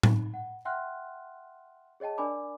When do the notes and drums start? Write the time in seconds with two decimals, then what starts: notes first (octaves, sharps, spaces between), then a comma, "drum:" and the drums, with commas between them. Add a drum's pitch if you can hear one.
0.03 D#4, drum: tom A2
0.34 F#5
0.65 E5 F#5 G5 C6 F6 F#6
2.00 G#4 C#5 D#5 G5 A5
2.18 D4 A#4 D5 G#5 B5 D6